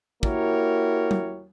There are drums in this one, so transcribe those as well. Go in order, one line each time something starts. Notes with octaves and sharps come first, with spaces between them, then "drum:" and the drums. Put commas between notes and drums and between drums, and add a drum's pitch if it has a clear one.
A#3 E4 F#4 G4 A#4 C#5, drum: kick
drum: tom